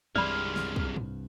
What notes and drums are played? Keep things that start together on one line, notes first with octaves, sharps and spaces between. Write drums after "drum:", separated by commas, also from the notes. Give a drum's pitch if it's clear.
C2 G2 C3 G#3 D5 B5 F6, drum: tom
drum: snare
drum: kick
drum: tom G#2